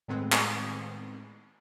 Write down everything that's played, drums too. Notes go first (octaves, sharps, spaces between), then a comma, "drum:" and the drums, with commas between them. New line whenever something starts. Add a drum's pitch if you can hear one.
A2 D#3 G#3 B3 C4
drum: clap